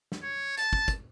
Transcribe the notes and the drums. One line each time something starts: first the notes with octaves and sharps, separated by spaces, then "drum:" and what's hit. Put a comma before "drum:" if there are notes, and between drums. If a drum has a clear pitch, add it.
drum: snare
C#5
A5, drum: hi-hat
drum: kick
drum: kick, hi-hat